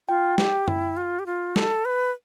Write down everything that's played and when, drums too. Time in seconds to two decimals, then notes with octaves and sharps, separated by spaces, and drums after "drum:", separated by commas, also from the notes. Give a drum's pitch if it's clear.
0.08 F4 G5
0.38 G4, drum: snare
0.68 E4, drum: tom F#2
0.97 F4
1.19 G4
1.26 F4
1.56 A4, drum: snare
1.85 B4